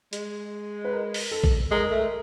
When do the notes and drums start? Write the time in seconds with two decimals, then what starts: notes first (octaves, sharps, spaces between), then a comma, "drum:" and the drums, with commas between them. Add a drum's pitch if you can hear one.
0.13 G#3, drum: hi-hat
0.84 B4
0.92 A#4
1.14 drum: open hi-hat
1.31 A4
1.44 drum: kick A#1
1.71 G#3 A#4
1.91 A3